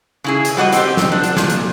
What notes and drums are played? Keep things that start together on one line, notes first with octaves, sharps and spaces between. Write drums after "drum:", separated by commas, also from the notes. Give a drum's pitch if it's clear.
C#3 E4 G#4
drum: hi-hat
G3 F#4 D5 D#5
C4 G4, drum: hi-hat
drum: snare
D4
drum: hi-hat
A#2, drum: snare
drum: hi-hat